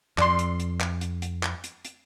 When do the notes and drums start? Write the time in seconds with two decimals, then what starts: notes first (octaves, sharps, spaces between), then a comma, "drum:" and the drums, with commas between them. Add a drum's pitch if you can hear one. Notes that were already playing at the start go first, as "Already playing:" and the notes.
0.18 F2 D5 C6, drum: clap
0.39 drum: hi-hat
0.60 drum: hi-hat
0.80 drum: clap
1.01 drum: hi-hat
1.22 drum: hi-hat
1.43 drum: clap
1.64 drum: hi-hat
1.85 drum: hi-hat